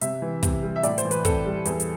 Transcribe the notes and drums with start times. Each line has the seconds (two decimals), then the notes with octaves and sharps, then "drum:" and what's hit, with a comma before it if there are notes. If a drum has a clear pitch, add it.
0.01 C3 E5, drum: hi-hat
0.22 E3
0.43 C3, drum: kick, hi-hat
0.63 G3
0.76 E5
0.83 A2 D5, drum: hi-hat
0.98 C5, drum: hi-hat
1.05 E3
1.11 B4, drum: hi-hat
1.25 C4 A4, drum: kick, hi-hat
1.45 G3
1.65 E2, drum: hi-hat
1.80 drum: hi-hat